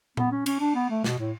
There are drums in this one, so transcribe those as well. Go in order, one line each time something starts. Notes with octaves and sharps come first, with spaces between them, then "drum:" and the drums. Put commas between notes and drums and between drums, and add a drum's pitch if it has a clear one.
B3, drum: tom A#2
C#4
C#4, drum: cymbal
D4
B3
A3
B2, drum: snare
A2